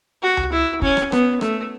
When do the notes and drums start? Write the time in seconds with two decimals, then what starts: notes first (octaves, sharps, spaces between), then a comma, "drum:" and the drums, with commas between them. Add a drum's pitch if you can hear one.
0.23 F#4
0.37 drum: tom C#2
0.52 E4
0.82 C#4, drum: kick
0.97 drum: rim click
1.12 B3, drum: rim click
1.41 A3, drum: rim click